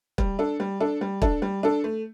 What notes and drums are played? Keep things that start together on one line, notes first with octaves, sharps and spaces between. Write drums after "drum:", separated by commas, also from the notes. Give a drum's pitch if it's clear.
G3, drum: kick
D4 A4
G3
D4 A4
G3
D4 A4, drum: kick
G3
D4 A4
A3